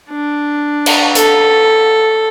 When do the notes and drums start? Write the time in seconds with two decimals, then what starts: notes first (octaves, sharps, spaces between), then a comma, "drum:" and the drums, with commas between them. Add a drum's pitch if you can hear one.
0.11 D4
0.86 drum: cymbal
1.15 A4, drum: hi-hat